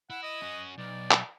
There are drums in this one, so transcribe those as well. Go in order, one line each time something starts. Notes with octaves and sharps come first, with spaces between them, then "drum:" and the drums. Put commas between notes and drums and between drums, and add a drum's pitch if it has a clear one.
E4 F#5
D#5
C#4 F#4
B1 D5
drum: clap